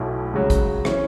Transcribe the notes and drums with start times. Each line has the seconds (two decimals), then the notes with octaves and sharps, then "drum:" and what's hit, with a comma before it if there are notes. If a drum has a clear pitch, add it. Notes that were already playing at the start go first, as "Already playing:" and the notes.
Already playing: B1 B2 A3 E4
0.33 C#2 C#3 F#3
0.50 drum: kick, hi-hat
0.85 E3 C#4, drum: rim click